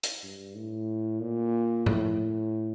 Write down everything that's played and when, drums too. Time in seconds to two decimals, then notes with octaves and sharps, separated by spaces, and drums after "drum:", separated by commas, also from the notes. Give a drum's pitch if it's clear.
0.03 drum: hi-hat
0.23 G2
0.55 A2
1.20 A#2
1.86 A2, drum: tom G2